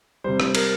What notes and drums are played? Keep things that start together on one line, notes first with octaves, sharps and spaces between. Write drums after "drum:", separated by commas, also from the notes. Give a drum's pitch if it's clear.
C3 G3 C5
C5, drum: rim click
A#4, drum: cymbal